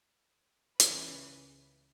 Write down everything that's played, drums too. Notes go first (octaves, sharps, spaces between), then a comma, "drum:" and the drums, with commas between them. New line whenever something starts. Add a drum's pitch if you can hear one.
C#2 C#3 E3 B4, drum: hi-hat